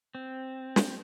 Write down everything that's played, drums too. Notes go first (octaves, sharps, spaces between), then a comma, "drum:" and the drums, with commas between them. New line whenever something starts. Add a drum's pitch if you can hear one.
C4
drum: snare